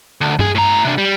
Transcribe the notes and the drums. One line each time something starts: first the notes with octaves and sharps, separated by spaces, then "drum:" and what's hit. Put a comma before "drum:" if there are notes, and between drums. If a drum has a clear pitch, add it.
D2
B1 G#4, drum: tom G2
A2 A#5
C3 D4
G3